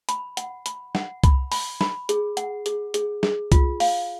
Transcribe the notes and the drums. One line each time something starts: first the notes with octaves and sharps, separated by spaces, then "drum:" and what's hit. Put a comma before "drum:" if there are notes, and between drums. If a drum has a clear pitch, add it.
B5, drum: hi-hat
F#5, drum: hi-hat
B5, drum: hi-hat
F#5, drum: snare
B5, drum: kick C2, hi-hat
B5, drum: open hi-hat
B5, drum: snare
G#4, drum: hi-hat
F#5, drum: hi-hat
G#4, drum: hi-hat
G#4, drum: hi-hat
G#4, drum: snare
F4, drum: kick C2, hi-hat
F5, drum: open hi-hat